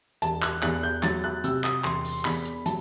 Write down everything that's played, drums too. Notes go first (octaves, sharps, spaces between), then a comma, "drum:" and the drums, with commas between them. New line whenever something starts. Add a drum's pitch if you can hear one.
E1 A5, drum: hi-hat
F#6, drum: clap
E2 F#6, drum: clap
G6
F#3 A6, drum: clap
F#6
C3 E6, drum: hi-hat
D#6, drum: clap
E1 C6, drum: clap
drum: open hi-hat
E2 B5, drum: clap
drum: hi-hat
F#3 A5, drum: hi-hat